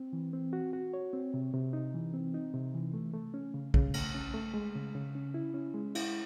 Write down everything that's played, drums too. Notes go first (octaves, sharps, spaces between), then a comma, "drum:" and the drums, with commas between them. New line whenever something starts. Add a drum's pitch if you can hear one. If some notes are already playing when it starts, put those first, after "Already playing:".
Already playing: C4
E3
C4
F#4
F#4
C#5
C4
C3
C3
D#4
E3
C4
D#4
C3
E3
A3
A3
C#4
C#3
C#3, drum: kick
A3, drum: cymbal
C#4
A3
G#3
C#3
C#3
C#4
E4
C#4
G#3
E4, drum: cymbal